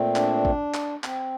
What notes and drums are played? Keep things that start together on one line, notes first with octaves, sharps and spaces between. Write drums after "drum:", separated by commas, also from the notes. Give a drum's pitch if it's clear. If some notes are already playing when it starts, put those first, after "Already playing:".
Already playing: A#2 A3 C4
D4, drum: clap
drum: kick
drum: clap
C4, drum: clap